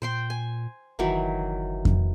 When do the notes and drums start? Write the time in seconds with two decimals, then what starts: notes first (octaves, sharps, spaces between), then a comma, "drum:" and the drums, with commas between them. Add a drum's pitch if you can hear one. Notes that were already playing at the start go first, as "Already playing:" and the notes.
0.02 A#2 C5 G5 C6
0.30 G#5
0.99 F#1 D#3 E3 F#3
1.85 drum: kick F2